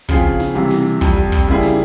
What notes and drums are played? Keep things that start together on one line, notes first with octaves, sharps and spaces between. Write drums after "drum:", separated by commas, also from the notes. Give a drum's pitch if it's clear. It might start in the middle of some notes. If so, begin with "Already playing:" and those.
C#3 F3 C4 F4 G#4, drum: kick
drum: snare
C2 C3 E3
drum: snare
F2 C3 G3, drum: kick
drum: kick
C#3 G3 A#3 E4 G#4
drum: snare